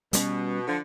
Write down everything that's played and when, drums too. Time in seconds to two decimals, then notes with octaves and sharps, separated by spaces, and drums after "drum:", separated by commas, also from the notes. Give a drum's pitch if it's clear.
0.13 B2 G3 G#3 C#4, drum: hi-hat
0.67 D3 F3